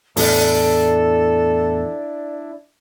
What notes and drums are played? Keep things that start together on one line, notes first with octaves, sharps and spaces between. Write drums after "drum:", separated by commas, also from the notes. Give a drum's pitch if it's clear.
E2 A2 D4 E4 A4 D5, drum: open hi-hat